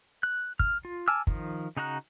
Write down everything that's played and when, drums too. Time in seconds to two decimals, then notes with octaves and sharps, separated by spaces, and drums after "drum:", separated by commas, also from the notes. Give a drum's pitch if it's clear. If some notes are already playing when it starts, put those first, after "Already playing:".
0.23 F#6
0.59 F6, drum: kick
0.85 F4
1.08 G#5 A5 D6 E6 F6
1.27 D#3 F3, drum: kick
1.77 C#3 D#4 F#4 A#5 F#6